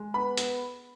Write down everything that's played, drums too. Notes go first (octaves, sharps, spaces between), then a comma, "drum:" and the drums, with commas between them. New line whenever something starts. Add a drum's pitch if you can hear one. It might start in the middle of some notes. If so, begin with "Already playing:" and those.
Already playing: G#3
B3 B5
B3, drum: hi-hat